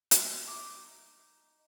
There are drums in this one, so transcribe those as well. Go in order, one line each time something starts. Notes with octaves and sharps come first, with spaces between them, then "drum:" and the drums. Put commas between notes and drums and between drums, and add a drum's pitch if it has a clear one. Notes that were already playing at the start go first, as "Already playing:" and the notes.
drum: hi-hat
D#4 D6